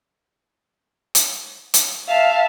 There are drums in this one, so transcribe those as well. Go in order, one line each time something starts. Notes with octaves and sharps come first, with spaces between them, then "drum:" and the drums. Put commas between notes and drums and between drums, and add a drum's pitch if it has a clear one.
drum: hi-hat
drum: hi-hat
E5 F5 A5